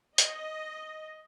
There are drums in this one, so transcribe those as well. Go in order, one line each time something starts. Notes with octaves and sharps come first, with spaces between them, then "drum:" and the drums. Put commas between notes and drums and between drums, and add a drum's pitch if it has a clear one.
D#5, drum: hi-hat